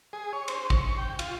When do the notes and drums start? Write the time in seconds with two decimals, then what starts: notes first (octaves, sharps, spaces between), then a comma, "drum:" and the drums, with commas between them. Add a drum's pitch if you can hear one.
0.13 G#4
0.33 C#5
0.48 C5, drum: cymbal
0.70 C#6, drum: kick
0.98 G5
1.19 F4, drum: cymbal